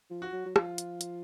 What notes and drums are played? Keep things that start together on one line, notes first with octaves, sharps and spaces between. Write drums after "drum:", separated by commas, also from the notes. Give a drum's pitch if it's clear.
F3
F#4
F#3
F#3
F3 F4, drum: rim click
drum: hi-hat
drum: hi-hat